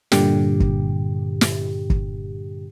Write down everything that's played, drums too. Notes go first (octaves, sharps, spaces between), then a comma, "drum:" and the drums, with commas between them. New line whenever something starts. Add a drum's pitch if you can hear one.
G2 A#2 D3 G4, drum: snare
drum: kick
drum: snare
drum: kick